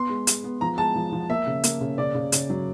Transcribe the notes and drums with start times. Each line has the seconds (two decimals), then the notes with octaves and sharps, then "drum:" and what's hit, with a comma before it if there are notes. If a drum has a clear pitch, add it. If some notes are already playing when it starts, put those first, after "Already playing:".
Already playing: B3 C6
0.10 G#3
0.27 G#3, drum: hi-hat
0.44 B3
0.61 F3 A#5
0.78 G#3 A5
0.95 F3
1.13 F3
1.30 A#3 E5
1.47 C#3
1.64 A#3, drum: hi-hat
1.81 C#3
1.98 C#3 D5
2.15 C#3
2.32 C#3, drum: hi-hat
2.50 F#3